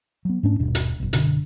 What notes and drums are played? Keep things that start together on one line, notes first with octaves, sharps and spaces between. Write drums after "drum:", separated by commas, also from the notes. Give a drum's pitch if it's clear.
F#3 B3
G#2 A3 C#4 D4
D#1 G2 B2
drum: hi-hat
F#1 B1
F#1 B2 D3, drum: hi-hat